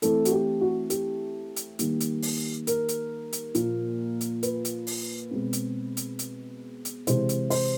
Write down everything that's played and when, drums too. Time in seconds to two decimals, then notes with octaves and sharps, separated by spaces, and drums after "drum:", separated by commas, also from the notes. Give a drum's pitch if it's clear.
0.02 E3 A3 C4 A4, drum: hi-hat
0.25 F#4, drum: hi-hat
0.32 G4
0.61 F#4
0.90 G4, drum: hi-hat
1.56 drum: hi-hat
1.79 D#3 G3 A#3, drum: hi-hat
2.00 drum: hi-hat
2.22 drum: open hi-hat
2.67 A#4, drum: hi-hat
2.88 drum: hi-hat
3.33 drum: hi-hat
3.55 A#2 F3 A#3, drum: hi-hat
4.21 drum: hi-hat
4.43 B4, drum: hi-hat
4.65 drum: hi-hat
4.87 drum: open hi-hat
5.31 B2 G#3 C4
5.53 drum: hi-hat
5.97 drum: hi-hat
6.19 drum: hi-hat
6.85 drum: hi-hat
7.07 C3 E3 G#3 C5, drum: hi-hat
7.29 drum: hi-hat
7.50 C5, drum: open hi-hat